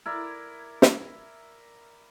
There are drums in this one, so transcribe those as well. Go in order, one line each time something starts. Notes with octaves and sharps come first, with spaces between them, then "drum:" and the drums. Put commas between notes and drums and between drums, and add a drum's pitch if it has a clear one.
E4 A#4 D5
drum: snare